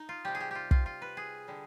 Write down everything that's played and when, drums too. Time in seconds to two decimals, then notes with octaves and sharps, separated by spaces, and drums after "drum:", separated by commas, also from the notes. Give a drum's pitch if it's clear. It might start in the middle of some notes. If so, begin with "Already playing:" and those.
Already playing: D#4
0.09 F4
0.25 C3 G3 G4
0.35 G#4
0.40 G4
0.51 F4 G4
0.71 F4, drum: kick
0.86 F4
1.02 B4
1.17 G#4
1.48 D3 G3